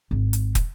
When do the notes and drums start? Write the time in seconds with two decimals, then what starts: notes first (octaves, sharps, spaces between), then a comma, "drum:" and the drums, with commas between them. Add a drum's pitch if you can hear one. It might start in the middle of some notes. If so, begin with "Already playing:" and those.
0.11 G#1
0.33 drum: hi-hat
0.55 drum: kick, hi-hat